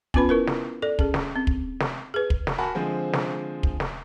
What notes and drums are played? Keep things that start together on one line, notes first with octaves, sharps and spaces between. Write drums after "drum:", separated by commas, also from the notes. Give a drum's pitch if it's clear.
B3 C#4 F4 B4 B5, drum: kick
E4 A#4 B4
drum: snare
A4 D5
C#4 G#4, drum: kick
drum: snare
C4
drum: kick
drum: snare
G#4 B4
drum: kick
drum: snare
F#4 A#4 G#5 A5 B5
D3 F3 G#3 C4
drum: snare
drum: kick
drum: snare